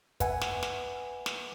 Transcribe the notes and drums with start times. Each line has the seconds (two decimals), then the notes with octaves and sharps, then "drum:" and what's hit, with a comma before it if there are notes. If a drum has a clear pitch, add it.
0.20 B4 E5 F#5 G#5, drum: kick, hi-hat
0.41 drum: snare
0.63 drum: snare
1.26 drum: snare